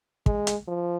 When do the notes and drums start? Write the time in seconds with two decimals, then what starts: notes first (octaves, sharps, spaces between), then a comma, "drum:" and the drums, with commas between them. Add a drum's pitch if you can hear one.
0.26 G#3, drum: kick
0.47 drum: hi-hat
0.68 F3